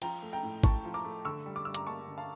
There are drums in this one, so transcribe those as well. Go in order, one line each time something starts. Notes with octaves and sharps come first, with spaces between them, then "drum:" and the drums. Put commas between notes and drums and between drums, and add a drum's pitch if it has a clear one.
F3 G5 A#5, drum: cymbal
A3
G5 A#5
A2
A2 A5 C#6, drum: kick
F3
A#5 D6
A3
D3 C#6 E6
G3
D6
G2 E6
A#5 D6, drum: hi-hat
A#3 A5 C#6
D3
F5 A5